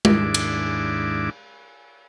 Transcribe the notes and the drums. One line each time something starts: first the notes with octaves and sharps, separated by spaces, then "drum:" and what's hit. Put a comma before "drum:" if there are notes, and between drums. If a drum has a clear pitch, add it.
D#2 G#2 D4 E4 D6, drum: tom G#3
drum: cymbal